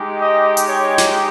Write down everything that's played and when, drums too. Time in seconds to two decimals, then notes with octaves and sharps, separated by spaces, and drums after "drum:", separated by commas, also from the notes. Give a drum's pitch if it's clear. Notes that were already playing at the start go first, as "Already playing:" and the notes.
Already playing: G#3 D#4 G4
0.21 D#5
0.57 drum: hi-hat
0.67 C#5
0.98 drum: snare